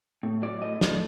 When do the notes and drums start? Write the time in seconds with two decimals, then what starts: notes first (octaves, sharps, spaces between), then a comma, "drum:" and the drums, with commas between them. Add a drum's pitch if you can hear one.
0.23 A2
0.42 F#3 D5
0.61 A2 D#5
0.81 A2 D5, drum: snare